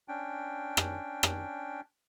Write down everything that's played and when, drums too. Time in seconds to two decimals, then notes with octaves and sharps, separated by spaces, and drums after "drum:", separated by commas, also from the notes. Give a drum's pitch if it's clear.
0.08 C#4 D4 G5
0.77 drum: rim click
1.23 drum: rim click